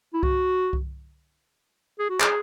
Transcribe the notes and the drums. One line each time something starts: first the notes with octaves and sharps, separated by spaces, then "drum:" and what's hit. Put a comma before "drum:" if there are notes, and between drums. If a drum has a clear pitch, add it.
E4
F#4, drum: kick C2
drum: kick C2
G#4
F#4
G#4, drum: clap